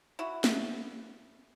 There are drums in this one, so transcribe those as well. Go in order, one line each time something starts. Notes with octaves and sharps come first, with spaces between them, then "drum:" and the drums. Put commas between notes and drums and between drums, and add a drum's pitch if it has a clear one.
E4 F#4
drum: snare